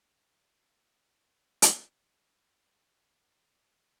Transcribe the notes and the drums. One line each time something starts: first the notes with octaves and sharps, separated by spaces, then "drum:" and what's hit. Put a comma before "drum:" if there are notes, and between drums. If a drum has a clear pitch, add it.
F#3 G#3 C#4 F#4
drum: hi-hat
A2 A3
C#2 F#2
A#2
F3 D4 D#4